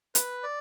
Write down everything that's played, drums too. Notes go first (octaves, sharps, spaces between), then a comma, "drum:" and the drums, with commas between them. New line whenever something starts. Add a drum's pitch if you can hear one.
B4, drum: hi-hat
D5